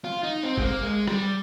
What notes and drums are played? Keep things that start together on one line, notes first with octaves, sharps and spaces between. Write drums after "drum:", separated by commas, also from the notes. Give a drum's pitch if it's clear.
F4
D#4
C4
G#3, drum: kick G#1
A#3
G#3
G3, drum: rim click